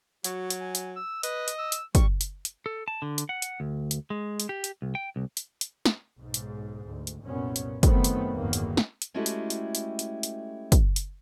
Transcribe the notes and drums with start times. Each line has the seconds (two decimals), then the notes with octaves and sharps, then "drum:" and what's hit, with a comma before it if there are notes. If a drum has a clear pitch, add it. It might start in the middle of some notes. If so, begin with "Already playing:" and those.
0.24 F#3 F#4, drum: hi-hat
0.50 drum: hi-hat
0.60 G#5
0.75 drum: hi-hat
0.96 E6
1.23 B4 D#5, drum: hi-hat
1.48 drum: hi-hat
1.58 E6
1.72 drum: hi-hat
1.95 G3 C#6, drum: kick, hi-hat
2.21 drum: hi-hat
2.45 drum: hi-hat
2.66 A4
2.88 A5
3.02 D3
3.18 drum: hi-hat
3.29 F#5
3.42 drum: hi-hat
3.60 D2
3.91 drum: hi-hat
4.10 G#3
4.40 drum: hi-hat
4.49 G4
4.64 drum: hi-hat
4.82 C2
4.95 G5
5.16 C2
5.37 drum: hi-hat
5.61 drum: hi-hat
5.86 drum: snare
6.19 B1 G#2
6.34 drum: hi-hat
6.87 D2
7.07 drum: hi-hat
7.23 C2 F#2 A#2 B3 C#4
7.56 drum: hi-hat
7.83 F#2 D#3 A3 B3 C4, drum: kick, hi-hat
8.04 drum: hi-hat
8.33 G1 E2 A2 D#3 F#3 A#3
8.53 drum: hi-hat
8.77 drum: snare
9.02 drum: hi-hat
9.14 G#3 A3 C#4 E4 F#4 G4
9.26 drum: hi-hat
9.50 drum: hi-hat
9.75 drum: hi-hat
9.99 drum: hi-hat
10.23 drum: hi-hat
10.72 drum: kick, hi-hat
10.96 drum: hi-hat